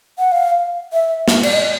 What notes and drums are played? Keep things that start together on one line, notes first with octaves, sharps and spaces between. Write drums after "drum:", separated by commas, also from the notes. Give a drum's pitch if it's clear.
F#5
F5
E5
drum: snare
D5, drum: cymbal
D#5